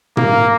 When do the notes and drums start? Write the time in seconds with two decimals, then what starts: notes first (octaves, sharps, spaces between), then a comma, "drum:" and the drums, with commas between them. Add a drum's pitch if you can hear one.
0.17 A#3, drum: tom